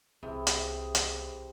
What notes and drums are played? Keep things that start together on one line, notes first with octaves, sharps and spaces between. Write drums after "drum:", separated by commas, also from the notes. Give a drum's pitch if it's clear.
C2 C3 E3 G#4
drum: hi-hat
drum: hi-hat